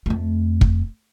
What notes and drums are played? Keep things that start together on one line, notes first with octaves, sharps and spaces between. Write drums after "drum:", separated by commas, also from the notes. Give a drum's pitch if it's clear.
F2 A3
drum: kick